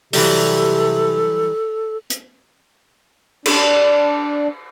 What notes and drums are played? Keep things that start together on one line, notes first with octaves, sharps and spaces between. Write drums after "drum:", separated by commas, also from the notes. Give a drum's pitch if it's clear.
C3 E3 F#3 G3 A4, drum: open hi-hat
drum: hi-hat
D4, drum: cymbal